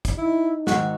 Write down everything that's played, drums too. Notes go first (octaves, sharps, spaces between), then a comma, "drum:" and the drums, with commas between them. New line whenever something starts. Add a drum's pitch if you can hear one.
drum: kick, hi-hat
D#4 E4
G#2 D#3 F#4, drum: snare